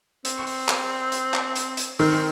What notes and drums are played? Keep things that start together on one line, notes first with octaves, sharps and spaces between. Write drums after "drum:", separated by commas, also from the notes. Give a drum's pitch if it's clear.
C4, drum: hi-hat
drum: open hi-hat
drum: clap
drum: hi-hat
drum: clap
drum: hi-hat
drum: hi-hat
D#3 C4, drum: open hi-hat